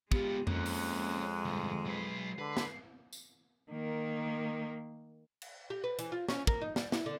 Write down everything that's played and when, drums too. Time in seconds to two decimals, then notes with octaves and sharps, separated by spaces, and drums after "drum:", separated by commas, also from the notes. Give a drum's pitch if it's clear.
0.12 G#3 B3 F4 G4, drum: kick
0.47 F2 A#3 C#4 F#6, drum: tom F2
0.66 drum: open hi-hat
1.45 D2 G2
1.86 F#3 B4 C7
2.39 D3 B4
2.57 drum: snare
3.13 drum: tambourine
3.71 D#3 A#3
5.42 drum: cymbal
5.70 G4
5.84 B4
5.99 E3, drum: hi-hat
6.12 F4
6.29 C#4, drum: snare
6.47 A#3, drum: kick
6.62 D#4
6.76 G3, drum: snare
6.92 E4, drum: snare
7.06 D3